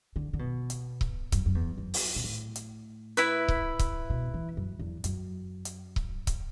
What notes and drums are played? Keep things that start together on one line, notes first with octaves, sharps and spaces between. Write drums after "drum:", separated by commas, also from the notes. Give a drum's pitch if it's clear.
D3
D3
B2
drum: hi-hat
drum: kick C#1
F#2, drum: kick C#1, hi-hat
F#2
E2
F#2
drum: open hi-hat
B2
A2
drum: hi-hat
E4 B4 E5, drum: hi-hat
drum: kick C#1
drum: kick C#1, hi-hat
B2
E3
F#2
E2
F#2, drum: hi-hat
drum: hi-hat
drum: kick C#1
drum: kick C#1, hi-hat